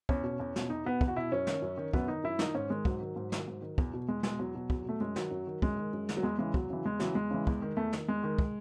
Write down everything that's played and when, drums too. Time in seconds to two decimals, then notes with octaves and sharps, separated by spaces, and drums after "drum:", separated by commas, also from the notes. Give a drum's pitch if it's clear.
0.09 E2 C#4, drum: kick
0.24 B2
0.40 E2
0.56 B2, drum: snare
0.70 E2 D#4
0.85 B2 B3
1.01 E2, drum: kick
1.08 F#4
1.16 B2 E4
1.32 F#2 C#4
1.47 D#3, drum: snare
1.62 F#2
1.78 D#3
1.93 F#2 B3, drum: kick
2.08 D#3 D#4
2.23 F#2 E4
2.39 D#3 D#4, drum: snare
2.55 G#2 C#4
2.70 D#3 G#3
2.85 G#2 F#3, drum: kick
3.01 D#3
3.16 G#2
3.32 D#3, drum: snare
3.48 G#2
3.62 D#3
3.78 E2, drum: kick
3.94 B2
4.08 E2 G#3
4.23 B2 G#3, drum: snare
4.39 E2 F#3
4.55 B2
4.70 E2, drum: kick
4.85 B2 A3
5.00 F#2 G#3
5.16 D#3 F#3, drum: snare
5.31 F#2
5.47 D#3
5.62 F#2 G#3, drum: kick
5.78 D#3
5.93 F#2
6.09 D#3, drum: snare
6.17 F#3
6.23 E2 G#3
6.39 C#3 E3 G#3
6.54 E2 F#3, drum: kick
6.70 C#3 E3
6.85 E2 G#3
7.00 C#3 E3 F#3, drum: snare
7.15 E2 G#3
7.31 C#3 E3
7.47 E2, drum: kick
7.62 D#3
7.77 E2 A3
7.93 D#3, drum: snare
8.08 E2 G#3
8.24 D#3
8.39 drum: kick